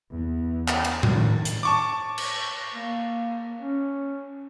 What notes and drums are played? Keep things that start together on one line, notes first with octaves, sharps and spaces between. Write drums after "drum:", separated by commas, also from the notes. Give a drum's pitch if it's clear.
E2
drum: clap
drum: cymbal
D#3, drum: tom A2
drum: hi-hat
A5 C#6 D6
drum: cymbal
A#3
C#4